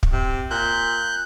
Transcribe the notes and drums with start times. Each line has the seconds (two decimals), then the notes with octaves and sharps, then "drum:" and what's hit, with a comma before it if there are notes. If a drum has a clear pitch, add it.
0.03 drum: kick
0.12 C3
0.51 A#2 F#6 G6